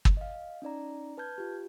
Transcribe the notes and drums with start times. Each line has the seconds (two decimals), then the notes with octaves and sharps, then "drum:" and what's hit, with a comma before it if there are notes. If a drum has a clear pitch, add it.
0.05 drum: kick
0.17 D#5 F5
0.62 C#4 D#4 D5 A#5
1.18 B4 A5 F6 G6 G#6
1.38 F4 G4